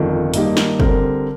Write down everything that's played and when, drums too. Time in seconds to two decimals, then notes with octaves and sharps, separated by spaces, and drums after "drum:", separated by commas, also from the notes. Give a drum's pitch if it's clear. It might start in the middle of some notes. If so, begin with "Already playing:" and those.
Already playing: G1 F2 D#3
0.34 G2 D#3 A#3 D#4 G4, drum: hi-hat
0.57 drum: snare
0.80 D3 G3 C4 G4 A#4, drum: kick